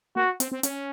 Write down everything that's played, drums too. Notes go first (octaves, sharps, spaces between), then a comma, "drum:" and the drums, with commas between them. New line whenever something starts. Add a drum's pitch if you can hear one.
A#3 F#4
C4, drum: hi-hat
C4
C#4, drum: hi-hat